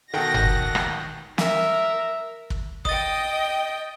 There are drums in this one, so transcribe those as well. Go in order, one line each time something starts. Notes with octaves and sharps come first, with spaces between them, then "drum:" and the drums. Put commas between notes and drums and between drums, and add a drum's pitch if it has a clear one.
B2 D#3 A4 F#5 G5 A5 A#6
drum: tom F#1
drum: rim click
A#4 E5, drum: snare
drum: kick
D#5 G5 D#6 A6, drum: kick